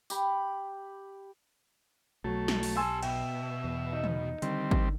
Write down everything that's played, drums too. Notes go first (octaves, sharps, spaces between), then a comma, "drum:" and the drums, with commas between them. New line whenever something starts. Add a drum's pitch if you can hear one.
G4 B5, drum: tambourine
B1 F#3 A3
drum: snare
drum: open hi-hat
G4 G#5 A5 C6 E6
B2 E5 G5, drum: cymbal
E2
D#4
drum: tom
D3 D#3 G3 C4, drum: hi-hat
drum: kick G#1